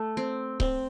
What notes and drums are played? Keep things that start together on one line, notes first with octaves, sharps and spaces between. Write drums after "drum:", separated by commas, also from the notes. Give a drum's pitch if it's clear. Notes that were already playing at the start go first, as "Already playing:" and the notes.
Already playing: A3
C4
C4, drum: kick C#1